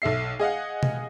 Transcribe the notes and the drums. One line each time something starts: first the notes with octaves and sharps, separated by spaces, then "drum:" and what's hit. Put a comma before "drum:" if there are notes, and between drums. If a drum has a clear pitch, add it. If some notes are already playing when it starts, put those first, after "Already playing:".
B1 A4 E5 C7
G#4 D#5 F5 F#5
drum: tom B2